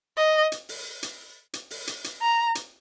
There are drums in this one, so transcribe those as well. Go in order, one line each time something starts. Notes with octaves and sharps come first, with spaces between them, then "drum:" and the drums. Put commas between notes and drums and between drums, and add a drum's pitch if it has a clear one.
D#5
drum: hi-hat
drum: open hi-hat
drum: hi-hat
drum: hi-hat
drum: open hi-hat
drum: hi-hat
drum: hi-hat
A#5
drum: hi-hat